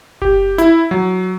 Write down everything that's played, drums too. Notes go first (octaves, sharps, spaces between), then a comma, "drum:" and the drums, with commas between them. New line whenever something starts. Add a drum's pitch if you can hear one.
G4, drum: kick F#1
E4, drum: hi-hat
F#3